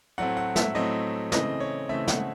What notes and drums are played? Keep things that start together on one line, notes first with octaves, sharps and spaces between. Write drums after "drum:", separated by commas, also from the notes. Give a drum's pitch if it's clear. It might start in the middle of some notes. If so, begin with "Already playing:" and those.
A2 F#3 A3 C4 F#5
F#5
E5, drum: snare
A2 F#3 A3 C4 D#5
C#3 E3 A3 C4 D#5, drum: snare
C#5
C#3 E3 A3 C4 E5
F#5, drum: snare